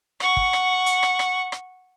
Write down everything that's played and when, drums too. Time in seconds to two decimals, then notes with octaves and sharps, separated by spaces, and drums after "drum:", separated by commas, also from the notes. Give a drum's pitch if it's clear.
0.20 F#5 C#6, drum: rim click
0.37 drum: kick
0.53 drum: rim click
0.86 drum: hi-hat
1.03 drum: rim click
1.19 drum: rim click
1.52 drum: rim click